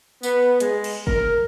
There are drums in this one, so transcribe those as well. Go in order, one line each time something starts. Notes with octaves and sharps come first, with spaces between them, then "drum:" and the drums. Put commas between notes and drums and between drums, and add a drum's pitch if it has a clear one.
B3, drum: tambourine
G#3, drum: hi-hat
drum: cymbal
A#4, drum: kick